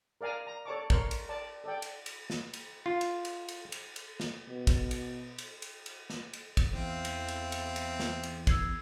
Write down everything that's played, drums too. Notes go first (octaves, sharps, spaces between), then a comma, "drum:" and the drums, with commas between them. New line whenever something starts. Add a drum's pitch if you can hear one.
A#4 D5 F5 G#5 A#5
A#5
A4 C#5 D5 A5 C#6 D6
A#4 C#5 C6, drum: kick
drum: cymbal
D5 A5
A4 D5 G5
drum: cymbal
drum: cymbal
drum: snare
drum: cymbal
F4
drum: cymbal
drum: cymbal
drum: cymbal
drum: cymbal
drum: cymbal
drum: snare
B2
drum: kick, cymbal
drum: cymbal
drum: cymbal
drum: cymbal
drum: cymbal
drum: snare
drum: cymbal
drum: kick, cymbal
E2 C4 E4 F5
drum: cymbal
drum: cymbal
drum: cymbal
drum: cymbal
drum: snare
drum: cymbal
E6 G#6 C7, drum: kick, cymbal